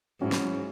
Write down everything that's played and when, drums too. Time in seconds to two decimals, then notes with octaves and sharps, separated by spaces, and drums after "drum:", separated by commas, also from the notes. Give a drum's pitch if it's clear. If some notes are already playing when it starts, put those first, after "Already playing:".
0.21 G#2 F#3 C#4 E4
0.32 drum: snare